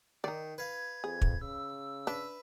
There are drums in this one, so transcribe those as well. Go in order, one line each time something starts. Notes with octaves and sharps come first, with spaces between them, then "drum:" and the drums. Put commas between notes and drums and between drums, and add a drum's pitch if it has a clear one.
D#3 D#4 D5
B4 F5 G#6
F2 G#4
drum: kick
C#3 E6
D4 B4 E5